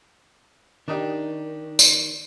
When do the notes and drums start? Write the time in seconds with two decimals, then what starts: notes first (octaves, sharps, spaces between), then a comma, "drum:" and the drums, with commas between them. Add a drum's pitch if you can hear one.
0.88 D#3 D4 D#4 G4
1.79 drum: tambourine